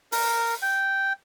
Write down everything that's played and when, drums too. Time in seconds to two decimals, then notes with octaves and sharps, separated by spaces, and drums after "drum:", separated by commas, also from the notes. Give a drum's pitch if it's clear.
0.12 A#4, drum: open hi-hat
0.62 G5